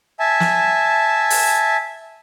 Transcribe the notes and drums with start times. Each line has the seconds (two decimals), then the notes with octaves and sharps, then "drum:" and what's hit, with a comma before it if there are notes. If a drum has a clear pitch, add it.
0.20 E5 G#5 A5
0.40 drum: snare
1.30 drum: open hi-hat